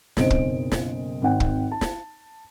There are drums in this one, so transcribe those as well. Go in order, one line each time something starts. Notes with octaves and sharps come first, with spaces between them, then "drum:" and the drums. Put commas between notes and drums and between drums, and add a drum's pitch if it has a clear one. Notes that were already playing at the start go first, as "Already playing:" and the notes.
F#1 B1 C4 C5 D#5 D7, drum: snare
drum: kick
drum: snare
G#1 C4 F#5 G5
drum: kick
A5
drum: snare